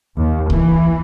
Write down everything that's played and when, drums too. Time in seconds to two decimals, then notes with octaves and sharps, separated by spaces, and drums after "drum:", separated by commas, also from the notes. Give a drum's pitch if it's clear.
0.17 D#2
0.50 E3, drum: kick C2